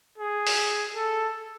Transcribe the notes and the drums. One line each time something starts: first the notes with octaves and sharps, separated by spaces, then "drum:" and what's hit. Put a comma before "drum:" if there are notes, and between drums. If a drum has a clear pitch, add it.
G#4
drum: open hi-hat
A4